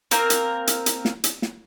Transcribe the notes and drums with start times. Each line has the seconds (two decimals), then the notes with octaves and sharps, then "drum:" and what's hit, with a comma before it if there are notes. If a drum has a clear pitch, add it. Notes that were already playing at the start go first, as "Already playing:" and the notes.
0.11 A#3 C4 A#4, drum: hi-hat
0.30 drum: hi-hat
0.67 drum: hi-hat
0.86 drum: hi-hat
1.05 drum: snare
1.24 drum: hi-hat
1.42 drum: snare